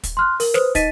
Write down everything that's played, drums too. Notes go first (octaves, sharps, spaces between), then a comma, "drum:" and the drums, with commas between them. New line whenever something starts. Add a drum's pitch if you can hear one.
drum: kick, hi-hat
C6 F6 F#6
A#4, drum: open hi-hat
B4 C5 D#6, drum: snare
D#4 D#5 A6 B6 D#7, drum: kick, hi-hat